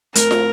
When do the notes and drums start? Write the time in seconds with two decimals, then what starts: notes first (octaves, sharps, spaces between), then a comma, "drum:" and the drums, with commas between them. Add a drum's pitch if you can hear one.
0.15 A2 A3 C4 A#4, drum: hi-hat
0.31 drum: snare